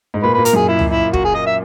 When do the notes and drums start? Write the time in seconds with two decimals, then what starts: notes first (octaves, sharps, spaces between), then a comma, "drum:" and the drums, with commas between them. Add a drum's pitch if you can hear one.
0.14 G#2
0.23 A#2 B4
0.34 B4
0.38 A#2
0.45 A#4, drum: hi-hat
0.53 F#2 G#4
0.68 E4
0.79 drum: tom C#2
0.91 E4
1.13 F#4, drum: kick
1.25 G#4
1.35 D#5
1.47 E5